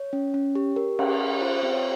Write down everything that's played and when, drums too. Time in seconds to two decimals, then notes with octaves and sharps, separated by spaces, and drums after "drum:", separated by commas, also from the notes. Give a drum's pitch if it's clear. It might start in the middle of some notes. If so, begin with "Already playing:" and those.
Already playing: C#5
0.13 C#4
0.34 C#4
0.55 G4
0.76 G4 A#4
0.99 C#4, drum: cymbal
1.19 C#4
1.41 F4 C5
1.56 C5
1.63 C4
1.73 C#5